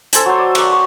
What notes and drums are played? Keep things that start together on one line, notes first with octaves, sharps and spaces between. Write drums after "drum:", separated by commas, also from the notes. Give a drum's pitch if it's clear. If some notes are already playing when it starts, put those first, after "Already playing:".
A4 C5 G#5 A5, drum: hi-hat
F#3 C5
D5
F#4 A#4 D5, drum: cymbal
C#6